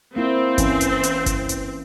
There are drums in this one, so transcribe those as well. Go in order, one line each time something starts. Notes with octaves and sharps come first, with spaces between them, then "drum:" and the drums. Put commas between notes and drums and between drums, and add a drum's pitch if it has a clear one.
A#3 C4 E4
E3 C#4, drum: kick G1, hi-hat
drum: hi-hat
drum: hi-hat
drum: kick G1, hi-hat
drum: hi-hat